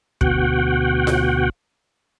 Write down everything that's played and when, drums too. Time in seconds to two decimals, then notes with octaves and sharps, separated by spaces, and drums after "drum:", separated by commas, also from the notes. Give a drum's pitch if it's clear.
0.21 D2 B2 F#4 F#5 G5, drum: kick
1.07 drum: snare F4